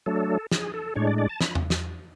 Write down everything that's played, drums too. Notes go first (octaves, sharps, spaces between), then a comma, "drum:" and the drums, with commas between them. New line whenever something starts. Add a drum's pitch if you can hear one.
F#3 A3 D4 A4
G#4, drum: snare
A4
A2 G#3 D4 C#5
D5
D5
A5
B5, drum: snare
drum: tom E2
drum: snare